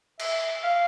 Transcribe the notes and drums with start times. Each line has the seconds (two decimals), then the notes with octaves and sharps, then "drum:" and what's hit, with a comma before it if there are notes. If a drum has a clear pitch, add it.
0.19 E5, drum: cymbal
0.63 F5